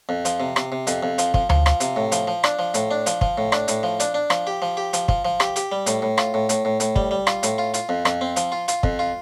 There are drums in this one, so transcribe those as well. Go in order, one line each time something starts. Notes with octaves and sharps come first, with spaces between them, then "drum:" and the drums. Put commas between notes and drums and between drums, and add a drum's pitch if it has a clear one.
F2
F3, drum: hi-hat
C3
C3, drum: rim click
C3
F2, drum: hi-hat
F2
F3, drum: hi-hat
F3, drum: kick
F3, drum: tom D2
F3, drum: rim click
C3, drum: hi-hat
A2
F3, drum: hi-hat
F3
D4, drum: rim click
F3
A2, drum: hi-hat
D4
F3, drum: hi-hat
F3, drum: kick
A2
D4, drum: rim click
A2, drum: hi-hat
F3
D4, drum: hi-hat
D4
F3, drum: rim click
G4
F3
G4
F3, drum: hi-hat
F3, drum: kick
F3
G4, drum: rim click
G4, drum: hi-hat
G3
A2, drum: hi-hat
A2
F4, drum: rim click
A2
A2, drum: hi-hat
A2
A2, drum: hi-hat
G3, drum: kick
G3
F4, drum: rim click
A2, drum: hi-hat
F4
F4, drum: hi-hat
F2
F2, drum: rim click
C4
F3, drum: hi-hat
F4
F4, drum: hi-hat
F2, drum: kick
F4